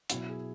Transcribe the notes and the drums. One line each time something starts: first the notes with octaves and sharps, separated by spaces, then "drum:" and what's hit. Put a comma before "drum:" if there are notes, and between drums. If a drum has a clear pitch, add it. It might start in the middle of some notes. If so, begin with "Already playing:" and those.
B2 F#3 B3 E4 F#4, drum: hi-hat
G#4